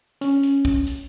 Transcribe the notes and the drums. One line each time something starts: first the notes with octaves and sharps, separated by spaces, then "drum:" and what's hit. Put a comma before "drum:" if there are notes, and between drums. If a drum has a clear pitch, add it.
C#4, drum: hi-hat
drum: hi-hat
drum: kick
drum: hi-hat